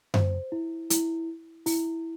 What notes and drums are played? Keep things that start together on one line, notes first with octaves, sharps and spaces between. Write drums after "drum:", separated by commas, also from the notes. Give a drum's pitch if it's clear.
C5, drum: tom F#2
E4
E4, drum: hi-hat
E4, drum: open hi-hat